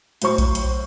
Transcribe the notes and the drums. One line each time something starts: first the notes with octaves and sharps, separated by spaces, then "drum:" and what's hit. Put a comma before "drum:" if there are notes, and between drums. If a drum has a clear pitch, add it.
A2 F#3 C5 C#6, drum: hi-hat
drum: kick A#1, hi-hat
drum: hi-hat